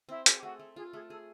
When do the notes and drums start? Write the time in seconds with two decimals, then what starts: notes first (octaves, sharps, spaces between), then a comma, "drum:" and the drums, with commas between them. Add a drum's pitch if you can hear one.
0.09 C4 E4
0.26 G#4, drum: hi-hat
0.39 G4
0.43 A3 F#4
0.59 A3
0.76 F4 G#4
0.93 A3 G#4
1.10 G#4 A4